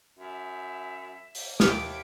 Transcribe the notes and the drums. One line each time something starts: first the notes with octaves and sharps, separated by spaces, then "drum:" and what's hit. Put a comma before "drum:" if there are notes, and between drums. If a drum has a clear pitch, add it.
F#2 E5
drum: open hi-hat
D#2 E5 D6 D#6 F6, drum: snare